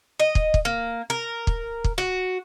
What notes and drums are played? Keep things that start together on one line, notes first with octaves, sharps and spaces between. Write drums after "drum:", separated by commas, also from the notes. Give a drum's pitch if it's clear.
D#5
drum: kick
drum: kick
A#3
A#4
drum: kick
drum: kick
F#4